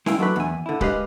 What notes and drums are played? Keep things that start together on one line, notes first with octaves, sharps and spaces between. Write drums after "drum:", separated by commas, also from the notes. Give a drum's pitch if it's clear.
G#3 E4 F5 G5, drum: snare C#4
F#3 A3 D4 B4
E2 G#5
D3 E4
G#3 G4 B4 D#5 F5, drum: kick C#1